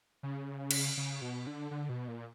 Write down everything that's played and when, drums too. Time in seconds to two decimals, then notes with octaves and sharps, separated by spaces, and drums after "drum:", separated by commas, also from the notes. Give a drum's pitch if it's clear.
0.23 C#3
0.71 drum: cymbal
0.97 C#3
1.22 B2
1.47 D3
1.71 D3
1.89 B2
2.08 A#2